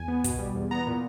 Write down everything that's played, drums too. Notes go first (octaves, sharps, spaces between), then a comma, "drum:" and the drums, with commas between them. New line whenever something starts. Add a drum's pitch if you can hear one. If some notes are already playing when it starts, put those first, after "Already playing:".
Already playing: E2 G#5
B3
B2, drum: kick, hi-hat
G3
E2
B3 A#5
A#2